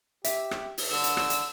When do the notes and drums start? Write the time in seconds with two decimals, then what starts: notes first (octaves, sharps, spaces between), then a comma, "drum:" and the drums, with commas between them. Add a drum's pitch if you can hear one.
0.25 G4 E5, drum: hi-hat
0.51 drum: rim click
0.78 drum: open hi-hat
0.91 D3 E6
1.04 drum: hi-hat
1.17 drum: rim click
1.30 drum: hi-hat